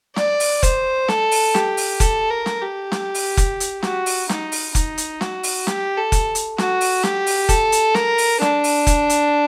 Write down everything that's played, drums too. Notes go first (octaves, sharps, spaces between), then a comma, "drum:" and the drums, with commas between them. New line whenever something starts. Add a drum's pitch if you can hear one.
D5, drum: snare
drum: open hi-hat
C5, drum: kick F1, hi-hat
A4, drum: snare
drum: open hi-hat
G4, drum: snare
drum: open hi-hat
A4, drum: kick F1, hi-hat
A#4
drum: snare
G4
drum: snare
drum: open hi-hat
drum: kick F1, hi-hat
drum: hi-hat
F#4, drum: snare
drum: open hi-hat
D#4, drum: snare
drum: open hi-hat
D#4, drum: kick F1, hi-hat
drum: hi-hat
F#4, drum: snare
drum: open hi-hat
G4, drum: snare
A4
drum: kick F1, hi-hat
drum: hi-hat
F#4, drum: snare
drum: open hi-hat
G4, drum: snare
drum: open hi-hat
A4, drum: kick F1, hi-hat
drum: hi-hat
A#4, drum: snare
drum: open hi-hat
D4, drum: snare
drum: open hi-hat
drum: kick F1, hi-hat
drum: hi-hat